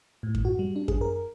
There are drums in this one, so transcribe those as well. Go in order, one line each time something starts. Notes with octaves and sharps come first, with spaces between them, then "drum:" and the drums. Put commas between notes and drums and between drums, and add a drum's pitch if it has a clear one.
A2
drum: kick F#2
F#4
G3
D4
G#4, drum: kick F#2
A#4